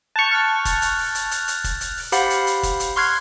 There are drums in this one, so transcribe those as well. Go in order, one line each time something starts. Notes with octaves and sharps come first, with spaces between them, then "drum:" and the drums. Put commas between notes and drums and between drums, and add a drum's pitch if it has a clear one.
A5 C#6 F#6 G6 F7
F6 F#6 A6
drum: kick, hi-hat
drum: hi-hat
drum: open hi-hat
drum: hi-hat
drum: hi-hat
drum: hi-hat
drum: kick, hi-hat
drum: hi-hat
drum: open hi-hat
G4 C5 F5 F#5 B5, drum: hi-hat
drum: hi-hat
drum: hi-hat
drum: kick, hi-hat
drum: hi-hat
C6 C#6 F6 F#6 G#6 C7, drum: open hi-hat